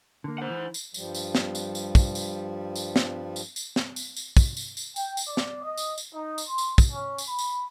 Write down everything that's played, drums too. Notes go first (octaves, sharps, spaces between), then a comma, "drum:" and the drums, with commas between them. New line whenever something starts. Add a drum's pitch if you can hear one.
D3 A#3
C5 F#5
E3
drum: tambourine
G2 F3 G3, drum: tambourine
drum: tambourine
drum: snare
drum: tambourine
drum: tambourine
drum: kick, tambourine
drum: tambourine
drum: tambourine
drum: snare
drum: tambourine
drum: tambourine
drum: snare
drum: tambourine
drum: tambourine
drum: kick, tambourine
drum: tambourine
drum: tambourine
G5, drum: tambourine
drum: tambourine
D5
drum: snare
D#5
drum: tambourine
drum: tambourine
D#4
drum: tambourine
C6
drum: tambourine
drum: kick, tambourine
C#4
drum: tambourine
B5
drum: tambourine